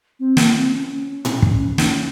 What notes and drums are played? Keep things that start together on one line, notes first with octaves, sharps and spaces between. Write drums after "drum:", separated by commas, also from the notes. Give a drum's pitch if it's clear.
C4
A#3, drum: snare
C4
C#4
drum: tom A2
drum: kick
D#4, drum: snare
C#4